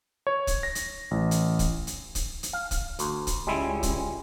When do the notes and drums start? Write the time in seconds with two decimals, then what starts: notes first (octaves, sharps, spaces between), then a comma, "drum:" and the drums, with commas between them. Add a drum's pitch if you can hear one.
0.27 C#5
0.47 drum: kick, hi-hat
0.63 A#6
0.75 drum: hi-hat
1.11 A1
1.31 drum: hi-hat
1.59 drum: kick, hi-hat
1.87 drum: hi-hat
2.15 drum: kick, hi-hat
2.43 drum: hi-hat
2.53 F5
2.71 drum: kick, hi-hat
2.99 D2, drum: hi-hat
3.27 drum: kick, hi-hat
3.47 C#2 G3 G#3 C#4 E4
3.83 drum: kick, hi-hat